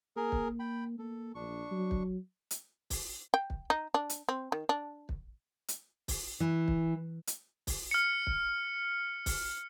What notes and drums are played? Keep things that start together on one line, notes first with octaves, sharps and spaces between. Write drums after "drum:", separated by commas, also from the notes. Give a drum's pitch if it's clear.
A#3 G#4 A#4
drum: kick
G5 B5
A#3 A4
A#1 D4 C#6
F#3
drum: kick
drum: hi-hat
drum: kick, open hi-hat
G5
drum: kick
D#4
D4
drum: hi-hat
C4
D#3
D4
drum: kick
drum: hi-hat
drum: kick, open hi-hat
E3
drum: kick
drum: hi-hat
drum: kick, open hi-hat
F6 C#7
drum: kick
drum: kick, open hi-hat